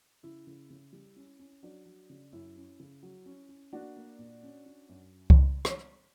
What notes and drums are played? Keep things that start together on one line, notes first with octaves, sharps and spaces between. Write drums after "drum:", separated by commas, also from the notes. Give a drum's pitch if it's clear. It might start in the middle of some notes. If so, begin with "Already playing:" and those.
C#3 E4
C#3
C#3
G3
C#4
C#4
F#3 D4
F#3
C#3
F#2 E4
C#4
C#3
F#3
C#4
C#4
A#3 D4 F#4
A#3
A#2
C#4
C#4
F#2
drum: kick C2
drum: rim click